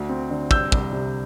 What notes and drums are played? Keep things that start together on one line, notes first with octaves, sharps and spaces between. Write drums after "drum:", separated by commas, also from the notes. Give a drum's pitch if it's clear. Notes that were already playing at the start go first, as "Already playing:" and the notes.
Already playing: D2
C4
D3
C2 E6 G6, drum: kick
C2, drum: kick
C3